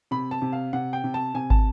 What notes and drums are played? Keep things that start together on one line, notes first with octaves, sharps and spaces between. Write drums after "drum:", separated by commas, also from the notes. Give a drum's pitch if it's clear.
C3 B5
A5
C3
F5
C3 F#5
G5
C3
A5
C3 G#5
A5, drum: kick